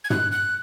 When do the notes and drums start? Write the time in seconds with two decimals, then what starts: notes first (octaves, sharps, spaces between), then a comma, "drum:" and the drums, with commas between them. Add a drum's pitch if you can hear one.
0.04 G#6
0.10 F#6, drum: tom
0.32 F#6